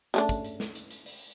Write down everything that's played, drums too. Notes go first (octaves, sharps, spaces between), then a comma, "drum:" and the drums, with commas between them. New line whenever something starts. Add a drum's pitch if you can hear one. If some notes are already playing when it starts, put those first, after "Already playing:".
C#3 A3 D4, drum: hi-hat
drum: kick, hi-hat
drum: hi-hat
drum: snare
drum: hi-hat
drum: hi-hat
drum: open hi-hat